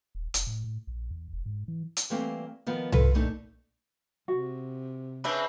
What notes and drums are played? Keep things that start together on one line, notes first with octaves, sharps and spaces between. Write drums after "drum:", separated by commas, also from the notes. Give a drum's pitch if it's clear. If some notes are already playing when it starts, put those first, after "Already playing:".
D#1
F1, drum: hi-hat
A2
A2
A#1
E2
F1
G#2
E3
drum: hi-hat
E3 G3 A3 A#3 C4
D#3 F3 B3
F4 A4 B4, drum: tom C2
A#2 A3 D4 D#4
C3 F#4
C#3 C4 D4 B4 E5